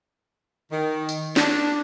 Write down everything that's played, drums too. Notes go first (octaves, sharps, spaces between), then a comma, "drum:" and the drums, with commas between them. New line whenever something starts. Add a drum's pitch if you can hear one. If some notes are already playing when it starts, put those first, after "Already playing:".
D#3
drum: tambourine
D4, drum: snare